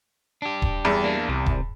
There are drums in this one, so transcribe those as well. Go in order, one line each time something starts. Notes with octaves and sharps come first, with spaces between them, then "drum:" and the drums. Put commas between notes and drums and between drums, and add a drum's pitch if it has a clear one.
D4 G4
drum: kick D#1
E2 G3
A#3 D4
C2 C3
drum: kick D#1